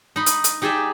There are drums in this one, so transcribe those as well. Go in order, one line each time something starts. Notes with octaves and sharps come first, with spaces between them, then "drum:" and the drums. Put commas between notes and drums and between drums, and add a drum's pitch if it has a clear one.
D#4 B5
drum: hi-hat
drum: hi-hat
D#4 G4 G#4 D5 E5